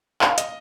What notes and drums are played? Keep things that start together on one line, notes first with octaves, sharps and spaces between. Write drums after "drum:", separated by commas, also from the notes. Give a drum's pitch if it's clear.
F5, drum: clap
D#5, drum: hi-hat